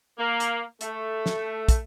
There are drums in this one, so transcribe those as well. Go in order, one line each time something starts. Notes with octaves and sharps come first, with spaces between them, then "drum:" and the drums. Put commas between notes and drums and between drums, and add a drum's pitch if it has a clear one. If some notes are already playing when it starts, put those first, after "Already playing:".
A#3
drum: hi-hat
A3, drum: hi-hat
drum: snare
drum: kick, hi-hat